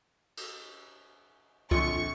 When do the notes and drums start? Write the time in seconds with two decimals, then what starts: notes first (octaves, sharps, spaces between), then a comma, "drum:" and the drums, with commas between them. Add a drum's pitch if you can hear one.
0.37 drum: cymbal
1.71 A#1 F2 D3 F4 C#6, drum: kick C2